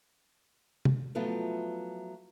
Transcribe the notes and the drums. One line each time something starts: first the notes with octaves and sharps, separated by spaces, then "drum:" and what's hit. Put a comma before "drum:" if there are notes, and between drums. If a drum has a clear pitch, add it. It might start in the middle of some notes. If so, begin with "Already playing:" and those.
drum: tom C3
F3 F#3 A3 B3 E4 F4